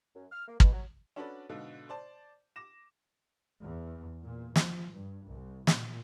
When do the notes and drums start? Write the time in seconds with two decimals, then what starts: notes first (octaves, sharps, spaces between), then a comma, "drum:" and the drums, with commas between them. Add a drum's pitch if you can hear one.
0.15 F#2
0.32 F6
0.48 A#3
0.60 B2, drum: kick
0.73 F#3
1.16 C#4 D4 F#4 A4 B4 D5
1.49 G#2 B2 D3 F5
1.89 C5 D5 A5
2.56 D6 A#6 E7
3.61 E2
4.23 A#2
4.56 F3, drum: snare
4.94 G2
5.28 C2
5.67 A#2, drum: snare